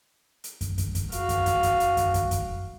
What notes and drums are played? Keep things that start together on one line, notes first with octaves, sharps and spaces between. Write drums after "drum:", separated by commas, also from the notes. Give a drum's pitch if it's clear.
drum: hi-hat
drum: kick, hi-hat
drum: kick, hi-hat
drum: kick, hi-hat
F#4 F5, drum: hi-hat
drum: kick, hi-hat
drum: kick, hi-hat
drum: kick, hi-hat
drum: hi-hat
drum: kick, hi-hat
drum: kick, hi-hat
drum: kick, hi-hat